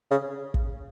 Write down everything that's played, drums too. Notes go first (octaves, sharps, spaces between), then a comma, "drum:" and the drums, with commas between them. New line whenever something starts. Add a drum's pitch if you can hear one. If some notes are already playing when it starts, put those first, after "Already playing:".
C#3
drum: kick